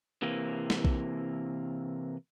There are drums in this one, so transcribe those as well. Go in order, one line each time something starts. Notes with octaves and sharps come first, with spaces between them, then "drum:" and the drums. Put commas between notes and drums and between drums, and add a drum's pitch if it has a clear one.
C3 E3 A#3
drum: snare
drum: kick A#1